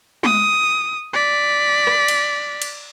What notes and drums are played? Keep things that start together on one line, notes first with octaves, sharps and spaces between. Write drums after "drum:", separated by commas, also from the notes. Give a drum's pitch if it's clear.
D#6, drum: tom G#3
D5 B6
drum: rim click
drum: cymbal
drum: cymbal